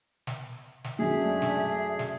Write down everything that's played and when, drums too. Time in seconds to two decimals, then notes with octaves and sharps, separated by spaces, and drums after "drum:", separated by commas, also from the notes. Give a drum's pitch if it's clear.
0.27 drum: snare
0.84 drum: snare
0.99 F#2 G#3 A3 D4 G#4 E5
1.42 drum: snare
1.99 drum: snare